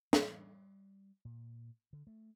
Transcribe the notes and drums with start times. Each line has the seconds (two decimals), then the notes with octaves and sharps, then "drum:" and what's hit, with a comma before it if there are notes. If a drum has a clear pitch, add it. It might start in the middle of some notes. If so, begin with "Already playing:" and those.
0.13 G3, drum: snare
1.25 A#2
1.93 D3
2.07 A3